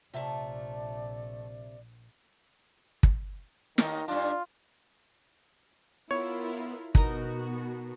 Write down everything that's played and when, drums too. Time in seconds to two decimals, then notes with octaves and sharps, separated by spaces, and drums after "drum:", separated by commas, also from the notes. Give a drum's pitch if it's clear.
0.14 A#1 C3 A3 F4 D5 E5
3.03 drum: kick
3.78 D#2 D#3 D#4, drum: snare
4.08 G2 D4 F4
6.11 B3 E4 F4 A#4 C#5
6.95 B2 B3 D#4 F#4 A#4, drum: kick